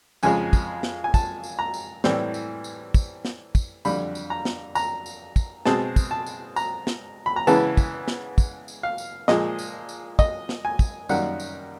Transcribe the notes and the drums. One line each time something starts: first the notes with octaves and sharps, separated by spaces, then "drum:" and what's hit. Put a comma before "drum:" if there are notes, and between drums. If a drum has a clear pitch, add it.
F2 C#3 F3 G#3 G#5, drum: tambourine
drum: kick, tambourine
drum: snare
G#5
A5, drum: kick, tambourine
drum: tambourine
A#5
drum: tambourine
A2 E3 G3 C4, drum: snare
drum: tambourine
drum: tambourine
drum: kick, tambourine
drum: snare
drum: kick, tambourine
F2 D3 G3 B5, drum: tambourine
drum: tambourine
A#5
drum: snare
A#5, drum: tambourine
drum: tambourine
drum: kick, tambourine
B2 G#3 C4 A5, drum: snare
drum: kick, tambourine
A5
drum: tambourine
A#5, drum: tambourine
drum: snare
B5
A#5
C#3 E3 G#3 B3 E4 A5, drum: tambourine
drum: kick, tambourine
drum: snare
drum: kick, tambourine
drum: tambourine
F5
drum: tambourine
A#2 F3 G#3 D#5, drum: snare
drum: tambourine
drum: tambourine
D#5, drum: kick, tambourine
drum: snare
G#5
drum: kick, tambourine
F#2 D#3 G3 A#3 F#5, drum: tambourine
drum: tambourine